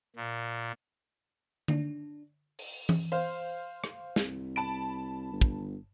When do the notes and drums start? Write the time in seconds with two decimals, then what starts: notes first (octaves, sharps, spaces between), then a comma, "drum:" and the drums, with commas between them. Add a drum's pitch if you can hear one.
0.16 A#2
1.68 D4, drum: tom D3
2.59 drum: open hi-hat
2.89 drum: tom E3
3.12 C5 F5
3.84 drum: rim click
4.16 C2, drum: snare
4.56 A5 B5 D7
5.32 G1
5.41 drum: kick